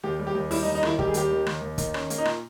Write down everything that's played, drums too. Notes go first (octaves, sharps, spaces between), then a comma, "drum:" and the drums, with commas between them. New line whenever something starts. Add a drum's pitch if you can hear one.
D#2 G4
G3
G4
D#2
G3 E4, drum: open hi-hat
D#4
D#2
D#4
D#3 E4, drum: rim click
G3 G4, drum: kick
G#4
D#2 G4, drum: hi-hat
D#3
D#2, drum: rim click
D#2
D#3, drum: kick, hi-hat
C#4, drum: rim click
A#3, drum: hi-hat
D#4
A#2, drum: rim click